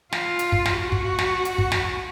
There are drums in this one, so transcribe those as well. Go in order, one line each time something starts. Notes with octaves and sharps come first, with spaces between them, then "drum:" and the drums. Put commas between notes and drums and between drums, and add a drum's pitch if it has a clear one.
F4, drum: snare
drum: hi-hat
drum: kick
drum: snare
F#4
drum: kick
drum: snare
drum: hi-hat
drum: kick
drum: snare